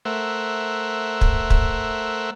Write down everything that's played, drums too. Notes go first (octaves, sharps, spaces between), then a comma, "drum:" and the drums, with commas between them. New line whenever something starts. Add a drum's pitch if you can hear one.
A3 A#4 C5 E5 F#5
drum: kick
drum: kick